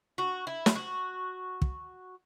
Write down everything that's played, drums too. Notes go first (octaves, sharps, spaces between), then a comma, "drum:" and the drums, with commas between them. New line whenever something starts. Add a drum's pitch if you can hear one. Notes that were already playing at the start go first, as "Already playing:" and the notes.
F#4
E4
drum: snare
F#4
drum: kick